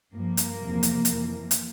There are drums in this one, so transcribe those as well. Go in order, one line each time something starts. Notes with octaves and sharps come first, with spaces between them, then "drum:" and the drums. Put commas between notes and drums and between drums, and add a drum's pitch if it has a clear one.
G2 F3 A#3
drum: hi-hat
E2 C3 F3
drum: hi-hat
F2 E3, drum: hi-hat
drum: hi-hat